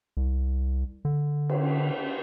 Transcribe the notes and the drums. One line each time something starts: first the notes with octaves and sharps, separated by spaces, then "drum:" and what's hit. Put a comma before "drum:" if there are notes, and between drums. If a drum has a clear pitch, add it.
C2
D3
drum: cymbal